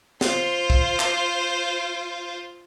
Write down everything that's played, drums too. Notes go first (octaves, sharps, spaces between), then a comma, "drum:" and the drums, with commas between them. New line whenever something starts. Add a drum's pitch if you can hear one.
F4 C5, drum: snare
drum: kick C2
drum: clap